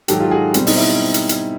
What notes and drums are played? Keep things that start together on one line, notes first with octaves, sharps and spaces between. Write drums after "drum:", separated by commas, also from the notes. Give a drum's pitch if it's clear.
G#2 D#3 F#3 G4 A4, drum: hi-hat
F4 G4
F#4 G#4
B2 G3 C4, drum: hi-hat
D#4, drum: open hi-hat
E4
drum: hi-hat
drum: hi-hat